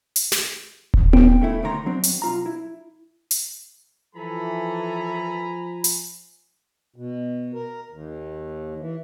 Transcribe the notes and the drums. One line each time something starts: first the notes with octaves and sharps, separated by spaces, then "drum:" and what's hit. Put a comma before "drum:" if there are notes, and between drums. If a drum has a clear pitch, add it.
drum: hi-hat
drum: snare
drum: kick D#1
G5, drum: tom B3
C#3 A3 E4
D2 A2 D#3 G#4 A#5 C6
F#3 C4 D4
drum: hi-hat
B1 F4 A#5
E4
drum: hi-hat
E3 F3 A4 G#5 A#5 B5
drum: hi-hat
B2
A#4
D#2
E3